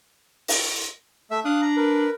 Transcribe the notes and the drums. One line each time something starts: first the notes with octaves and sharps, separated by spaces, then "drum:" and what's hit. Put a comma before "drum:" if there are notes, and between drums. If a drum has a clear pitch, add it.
drum: open hi-hat
A3 E5 E6
D4 F5 D#6 F#6
A#5
A#4 B4